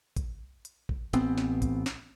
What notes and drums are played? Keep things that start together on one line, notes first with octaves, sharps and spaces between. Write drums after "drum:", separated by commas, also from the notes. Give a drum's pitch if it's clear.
drum: kick, hi-hat
drum: hi-hat
drum: kick
A1 B3 C4, drum: hi-hat
drum: snare
drum: kick, hi-hat
drum: snare